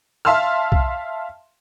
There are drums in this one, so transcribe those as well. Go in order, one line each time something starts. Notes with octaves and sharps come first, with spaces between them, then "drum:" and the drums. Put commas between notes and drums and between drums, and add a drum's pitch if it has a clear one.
E5 F5 A5 C6 E6 F6
drum: kick B1